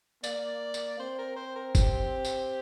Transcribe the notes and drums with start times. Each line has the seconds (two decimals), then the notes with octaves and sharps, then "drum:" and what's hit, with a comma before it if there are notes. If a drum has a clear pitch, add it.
0.24 A#3 D5, drum: tambourine
0.74 drum: tambourine
0.99 C4 C5
1.18 A#4
1.36 C5
1.56 A#4
1.75 G4, drum: kick F#1, tambourine
2.25 drum: tambourine